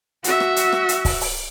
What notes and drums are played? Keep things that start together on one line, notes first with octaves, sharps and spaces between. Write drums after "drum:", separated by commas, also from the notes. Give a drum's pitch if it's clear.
F#4 E5, drum: hi-hat
drum: rim click
drum: hi-hat
drum: rim click
drum: hi-hat
drum: kick C#1, open hi-hat
drum: open hi-hat